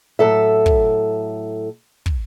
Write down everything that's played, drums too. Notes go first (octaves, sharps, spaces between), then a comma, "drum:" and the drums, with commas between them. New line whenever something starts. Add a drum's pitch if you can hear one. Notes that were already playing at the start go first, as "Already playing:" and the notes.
A2 F#3 A4 E5
drum: kick
drum: kick